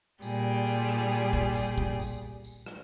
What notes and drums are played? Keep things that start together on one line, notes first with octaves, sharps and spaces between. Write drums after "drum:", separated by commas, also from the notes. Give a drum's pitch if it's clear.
A#2 G3 G4 G#4, drum: tambourine
drum: tambourine
drum: rim click
drum: tambourine
drum: kick
drum: tambourine
drum: kick
drum: tambourine
drum: tambourine
drum: rim click